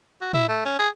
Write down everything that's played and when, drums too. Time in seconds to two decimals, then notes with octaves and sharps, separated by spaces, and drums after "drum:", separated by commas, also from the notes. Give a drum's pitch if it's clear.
0.21 F#4
0.33 E4, drum: tom
0.48 A3
0.65 C#4
0.79 G#4